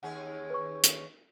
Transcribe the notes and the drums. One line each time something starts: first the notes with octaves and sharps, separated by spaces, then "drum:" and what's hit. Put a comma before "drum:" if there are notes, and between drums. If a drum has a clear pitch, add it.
D#2 C#4 G#4 F#5
B4 C#6
drum: hi-hat